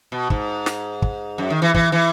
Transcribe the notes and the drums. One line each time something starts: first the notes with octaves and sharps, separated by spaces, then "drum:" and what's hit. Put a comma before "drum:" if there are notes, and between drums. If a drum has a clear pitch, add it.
B2
G#2, drum: kick
drum: snare
drum: kick
F#2
D#3
E3
E3, drum: kick
E3